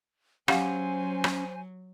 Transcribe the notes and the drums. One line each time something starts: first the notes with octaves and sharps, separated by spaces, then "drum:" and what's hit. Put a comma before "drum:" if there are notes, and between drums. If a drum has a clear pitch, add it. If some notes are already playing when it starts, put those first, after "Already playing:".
F#3 C#4 G4 C5 F5 F#5 G#5, drum: rim click
drum: rim click